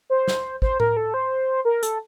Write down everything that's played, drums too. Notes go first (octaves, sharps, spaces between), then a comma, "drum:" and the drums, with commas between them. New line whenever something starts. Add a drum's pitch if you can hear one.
C5
drum: snare
C5, drum: kick
A#4, drum: tom A2
A4
C5
A#4
A4, drum: hi-hat